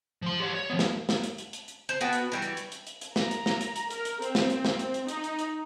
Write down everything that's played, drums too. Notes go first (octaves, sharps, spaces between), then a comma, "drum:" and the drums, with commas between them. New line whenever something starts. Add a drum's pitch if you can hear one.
F3 C6
G4 C#5
C#5
F3 B3
drum: snare
drum: snare
drum: hi-hat
drum: hi-hat
drum: hi-hat
drum: hi-hat
C5
B3 F#4 G5 A5
drum: hi-hat
E3 G3 F#4
drum: hi-hat
drum: hi-hat
drum: hi-hat
drum: hi-hat
drum: hi-hat
A#5, drum: snare
drum: hi-hat
drum: snare
drum: hi-hat
drum: hi-hat
A#4, drum: hi-hat
drum: hi-hat
C4, drum: hi-hat
drum: snare
drum: hi-hat
drum: snare
drum: hi-hat
drum: hi-hat
D#4, drum: hi-hat
drum: hi-hat
drum: hi-hat